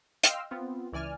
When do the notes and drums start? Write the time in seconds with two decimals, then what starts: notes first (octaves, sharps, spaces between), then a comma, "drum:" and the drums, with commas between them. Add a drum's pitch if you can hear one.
0.24 D#5 F5 G5 C6 E6 F6, drum: hi-hat
0.51 B3 C4 F4
0.93 C#2 E3 D5 G#5 F6